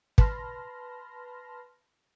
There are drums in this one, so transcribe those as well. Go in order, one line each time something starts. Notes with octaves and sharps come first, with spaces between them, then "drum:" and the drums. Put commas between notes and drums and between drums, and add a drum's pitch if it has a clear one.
B4 A5 B5 C6 F6 A#6, drum: kick